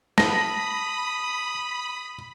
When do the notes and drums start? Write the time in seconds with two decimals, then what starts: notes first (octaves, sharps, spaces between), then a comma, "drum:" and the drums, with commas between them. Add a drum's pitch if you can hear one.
0.18 A5 B5 D#6 A#6, drum: snare